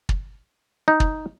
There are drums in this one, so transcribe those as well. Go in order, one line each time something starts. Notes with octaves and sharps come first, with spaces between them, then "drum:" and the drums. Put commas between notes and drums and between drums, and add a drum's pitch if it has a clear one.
drum: kick
D#4
drum: kick